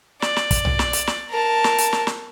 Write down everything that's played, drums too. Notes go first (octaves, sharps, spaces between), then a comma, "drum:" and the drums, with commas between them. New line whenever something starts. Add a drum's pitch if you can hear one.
D5, drum: snare
drum: snare
drum: kick, hi-hat
drum: tom B1
drum: snare
drum: hi-hat
drum: snare
A#4 A5
drum: snare
drum: hi-hat
drum: snare
drum: snare